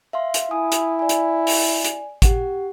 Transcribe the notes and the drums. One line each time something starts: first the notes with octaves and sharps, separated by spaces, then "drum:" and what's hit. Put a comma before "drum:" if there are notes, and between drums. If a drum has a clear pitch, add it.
E5 F5 C6
drum: hi-hat
E4 G#5 D#6
drum: hi-hat
D5 G#5
drum: hi-hat
drum: open hi-hat
drum: hi-hat
G4 F#5, drum: kick, hi-hat